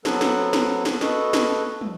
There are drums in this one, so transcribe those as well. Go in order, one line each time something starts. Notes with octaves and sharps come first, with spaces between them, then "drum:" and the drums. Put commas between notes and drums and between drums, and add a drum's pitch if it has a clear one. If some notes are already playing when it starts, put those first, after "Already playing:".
F#3 B3 C4 A4 B4, drum: snare
drum: snare
drum: snare
drum: snare
F#4 A4 B4 D#5, drum: snare
drum: snare
drum: tom